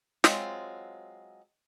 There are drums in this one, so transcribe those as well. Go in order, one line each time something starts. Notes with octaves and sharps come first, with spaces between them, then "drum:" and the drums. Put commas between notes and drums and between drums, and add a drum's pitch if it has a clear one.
F#3 G#3 C4 F4, drum: snare